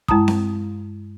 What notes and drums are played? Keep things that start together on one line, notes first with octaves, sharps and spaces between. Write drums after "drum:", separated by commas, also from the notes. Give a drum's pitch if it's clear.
G2 G#3 E4 A5 A#5 D#6, drum: kick
drum: snare C4